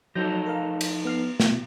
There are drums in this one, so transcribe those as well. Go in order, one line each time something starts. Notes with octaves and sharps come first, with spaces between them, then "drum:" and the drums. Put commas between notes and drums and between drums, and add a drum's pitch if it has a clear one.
F3 F#3 D#4 A4 G6 A#6
A#4 F5
drum: cymbal
B3 F6 C7
B2, drum: snare